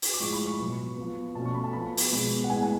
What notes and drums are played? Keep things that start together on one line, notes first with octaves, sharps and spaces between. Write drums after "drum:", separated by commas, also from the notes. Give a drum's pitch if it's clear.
drum: open hi-hat
D6
A2 F3 G#3 C#6
B5
C#6
B2 F#3 B3
F3 B3
B2 A3 C#4 A5
C#6
B5
A5
F3 B3 B5
drum: open hi-hat
B2 G#3 B3
F#5
A2 G#3 B3 G#5
G#5